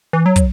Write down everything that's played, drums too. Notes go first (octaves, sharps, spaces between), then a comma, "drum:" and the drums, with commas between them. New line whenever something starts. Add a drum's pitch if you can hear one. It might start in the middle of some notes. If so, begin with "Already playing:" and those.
E3
F#3
drum: kick, hi-hat